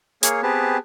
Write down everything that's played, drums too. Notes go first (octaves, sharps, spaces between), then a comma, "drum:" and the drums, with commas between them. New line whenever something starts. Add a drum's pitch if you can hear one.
A#3 G#4 C#5, drum: hi-hat
B3 C4 G4 G#4 B4 A5